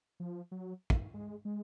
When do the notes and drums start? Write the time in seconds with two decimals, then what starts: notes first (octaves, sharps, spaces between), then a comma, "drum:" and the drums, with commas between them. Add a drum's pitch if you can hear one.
0.20 F3
0.52 F#3
0.90 drum: kick
1.14 G#3
1.45 G#3